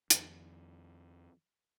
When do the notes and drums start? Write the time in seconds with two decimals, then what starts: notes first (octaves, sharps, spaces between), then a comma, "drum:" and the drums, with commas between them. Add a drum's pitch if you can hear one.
0.10 F2 D#3, drum: hi-hat